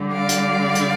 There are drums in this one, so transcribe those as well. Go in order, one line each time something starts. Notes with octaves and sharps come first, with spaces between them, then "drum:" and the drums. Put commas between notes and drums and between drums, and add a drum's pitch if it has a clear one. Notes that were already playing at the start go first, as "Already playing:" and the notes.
Already playing: D3 G3
D5 F5
drum: hi-hat
drum: hi-hat